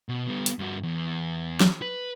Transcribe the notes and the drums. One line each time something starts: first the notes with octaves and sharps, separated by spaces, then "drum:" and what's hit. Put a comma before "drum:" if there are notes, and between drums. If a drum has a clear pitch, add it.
B2
G3 B3
drum: hi-hat
G2 F#4
E2
drum: snare
B4